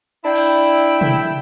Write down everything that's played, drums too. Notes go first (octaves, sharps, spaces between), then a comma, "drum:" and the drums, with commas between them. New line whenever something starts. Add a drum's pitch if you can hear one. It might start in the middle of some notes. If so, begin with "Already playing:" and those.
D4 E4 G5
drum: cymbal
drum: tom